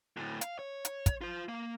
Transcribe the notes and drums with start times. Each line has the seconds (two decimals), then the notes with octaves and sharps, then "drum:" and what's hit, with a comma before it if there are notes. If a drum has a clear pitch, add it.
0.17 D2 A2
0.41 F5, drum: hi-hat
0.59 C#5
0.85 drum: hi-hat
1.06 drum: kick, hi-hat
1.21 F4 C5
1.49 A#3